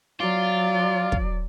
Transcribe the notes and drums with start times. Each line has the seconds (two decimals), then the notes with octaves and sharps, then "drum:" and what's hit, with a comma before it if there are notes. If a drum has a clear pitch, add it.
0.20 F#3 F4 D5
1.12 drum: kick